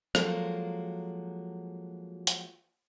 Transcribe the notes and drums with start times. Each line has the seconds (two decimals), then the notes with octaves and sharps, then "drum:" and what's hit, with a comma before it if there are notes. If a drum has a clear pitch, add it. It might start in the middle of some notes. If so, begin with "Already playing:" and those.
0.15 F3 F#3 G#3 A#3 F#4 A4, drum: rim click
2.27 drum: hi-hat